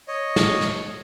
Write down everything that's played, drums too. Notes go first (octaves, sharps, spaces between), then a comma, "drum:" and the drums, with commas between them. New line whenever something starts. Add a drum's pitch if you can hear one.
C#5 D#5
drum: snare
drum: snare